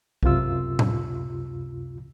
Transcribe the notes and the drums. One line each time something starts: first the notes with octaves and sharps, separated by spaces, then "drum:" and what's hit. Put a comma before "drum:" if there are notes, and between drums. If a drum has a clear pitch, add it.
C#2 F#2 C3 F4 E6, drum: kick B1
drum: tom A2